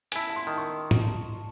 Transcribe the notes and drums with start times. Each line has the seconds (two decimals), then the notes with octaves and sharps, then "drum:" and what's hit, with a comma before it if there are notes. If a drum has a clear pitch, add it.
0.12 G#5, drum: hi-hat
0.15 E4 A5
0.30 A5
0.36 C6
0.47 D#3
0.58 C#6
0.91 drum: tom G#2